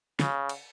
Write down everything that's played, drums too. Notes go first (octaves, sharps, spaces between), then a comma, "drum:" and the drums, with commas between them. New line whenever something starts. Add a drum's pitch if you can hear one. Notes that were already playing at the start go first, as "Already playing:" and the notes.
C#3, drum: snare
drum: cymbal